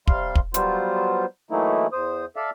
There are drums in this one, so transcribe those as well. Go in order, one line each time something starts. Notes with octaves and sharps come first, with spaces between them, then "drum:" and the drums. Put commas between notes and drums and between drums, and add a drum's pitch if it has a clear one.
C3 G3 F5 C6, drum: kick
drum: kick
F#3 G3 B3 F4 C5, drum: hi-hat
E3 F#3 A3 A#3 D#4 E4
E2 C5 D#6
A4 D5 E5 F5